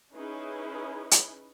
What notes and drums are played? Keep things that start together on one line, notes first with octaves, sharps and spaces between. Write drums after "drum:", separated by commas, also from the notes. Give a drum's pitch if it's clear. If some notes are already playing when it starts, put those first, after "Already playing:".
C#4 D#4 E4 G#4 B4
drum: hi-hat